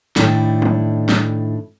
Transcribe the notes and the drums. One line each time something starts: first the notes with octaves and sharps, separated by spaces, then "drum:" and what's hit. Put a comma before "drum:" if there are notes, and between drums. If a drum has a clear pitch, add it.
A2 D#3 D4 E4 G5, drum: snare
drum: tom
drum: snare